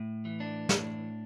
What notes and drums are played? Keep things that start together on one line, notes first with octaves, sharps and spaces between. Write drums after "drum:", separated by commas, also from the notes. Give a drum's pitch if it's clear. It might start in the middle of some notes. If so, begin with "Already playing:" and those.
Already playing: A2
E3
D4
A2, drum: snare